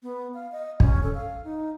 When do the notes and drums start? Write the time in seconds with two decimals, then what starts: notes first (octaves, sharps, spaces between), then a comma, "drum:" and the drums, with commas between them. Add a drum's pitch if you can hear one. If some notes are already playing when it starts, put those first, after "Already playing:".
0.03 B3
0.34 F5
0.52 D#5
0.80 C#4, drum: kick
1.03 A4
1.14 F5
1.44 D#4